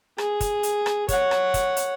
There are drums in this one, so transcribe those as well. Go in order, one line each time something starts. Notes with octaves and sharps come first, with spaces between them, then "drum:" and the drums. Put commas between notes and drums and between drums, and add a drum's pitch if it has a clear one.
G#4, drum: rim click
drum: kick, hi-hat
drum: hi-hat
drum: rim click
C#5 F#5, drum: kick, hi-hat
drum: rim click
drum: kick, hi-hat
drum: hi-hat